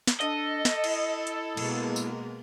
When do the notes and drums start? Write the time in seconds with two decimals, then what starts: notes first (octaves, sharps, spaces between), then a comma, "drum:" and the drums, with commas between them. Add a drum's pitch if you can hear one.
0.07 drum: snare
0.21 D4 A4 D#5, drum: hi-hat
0.65 drum: snare
0.84 E4, drum: cymbal
1.27 drum: hi-hat
1.57 B2 G#3 A#3, drum: cymbal
1.96 drum: tambourine